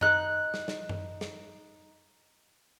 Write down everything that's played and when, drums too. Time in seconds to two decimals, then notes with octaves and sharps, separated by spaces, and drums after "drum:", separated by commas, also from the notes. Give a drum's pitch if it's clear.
0.01 D#4 F#6, drum: tom F#2
0.54 drum: snare
0.68 drum: snare
0.89 drum: tom F#2
1.21 drum: snare